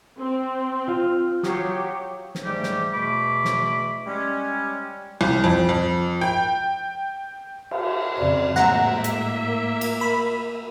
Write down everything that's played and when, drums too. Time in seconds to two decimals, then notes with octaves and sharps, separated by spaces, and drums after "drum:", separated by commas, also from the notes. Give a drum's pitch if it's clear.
0.18 C4
0.87 F4 F5
1.43 F#3 G4 D#6 C7, drum: snare
2.35 drum: snare
2.44 G#2 G3 A3 G4
2.63 drum: snare
2.94 E2 B2 A3 B5 D6
3.45 drum: snare
4.07 G3 G#3 C#4
5.21 C2
5.44 F2
5.69 F2
6.21 G5
7.71 drum: cymbal
8.19 F2 C#3 D5
8.56 A2 G#3 A#3 E5 F#5 A#5, drum: snare
9.04 drum: hi-hat
9.47 A#4
9.81 drum: cymbal
10.01 B5